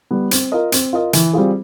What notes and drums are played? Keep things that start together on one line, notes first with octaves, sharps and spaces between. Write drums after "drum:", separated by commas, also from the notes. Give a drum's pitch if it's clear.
G3 B3
C4, drum: hi-hat
F4 A#4 D#5
C4, drum: hi-hat
F4 A#4 D#5
E3, drum: hi-hat
G3 C4 F4 G#4